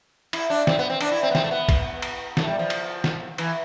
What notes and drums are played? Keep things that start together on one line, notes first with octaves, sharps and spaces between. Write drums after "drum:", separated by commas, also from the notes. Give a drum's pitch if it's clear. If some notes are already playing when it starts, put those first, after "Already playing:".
E4, drum: cymbal
D4
C4, drum: snare
B3
C4
D4, drum: cymbal
E4
C4
B3
C4, drum: snare
A3
B3
drum: kick, cymbal
drum: cymbal
A3, drum: snare
G3
F3
drum: cymbal
drum: snare
E3, drum: cymbal